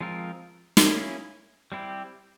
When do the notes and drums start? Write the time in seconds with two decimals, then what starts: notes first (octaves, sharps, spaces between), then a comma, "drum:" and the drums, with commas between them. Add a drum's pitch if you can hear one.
0.01 F3 G#3 C4 F4 A#4
0.77 drum: snare
0.86 A#3 C#4 E4 G#4
1.72 G3 C4 E4 G4